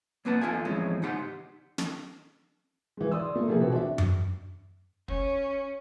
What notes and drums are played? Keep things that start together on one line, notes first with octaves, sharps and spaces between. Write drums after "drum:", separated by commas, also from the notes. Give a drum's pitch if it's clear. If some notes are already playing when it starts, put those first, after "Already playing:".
B1 A#3 C4 B4 F#5 A5
E2 F4 A4 F5 G#5
E2 A2 F3 G#3 C4 C#4
G#2 C#3 D#4 G4 F#5 C6
drum: snare
E3 G#3
D5 C6 D#6 E6
A3 A#3
C3 F3 A#3 G#4 A4
B2 E3 B3 C4
D4 F#4 E5
drum: tom F#2
C#4, drum: kick